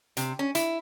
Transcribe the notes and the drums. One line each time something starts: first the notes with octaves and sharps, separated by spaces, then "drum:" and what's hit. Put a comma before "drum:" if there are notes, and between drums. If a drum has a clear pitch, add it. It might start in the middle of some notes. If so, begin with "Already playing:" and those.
C3, drum: hi-hat
C#4
E4, drum: hi-hat